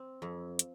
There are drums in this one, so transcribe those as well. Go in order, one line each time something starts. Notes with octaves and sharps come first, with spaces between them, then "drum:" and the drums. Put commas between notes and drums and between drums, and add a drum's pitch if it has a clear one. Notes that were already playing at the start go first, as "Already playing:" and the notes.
Already playing: C4
F2
drum: hi-hat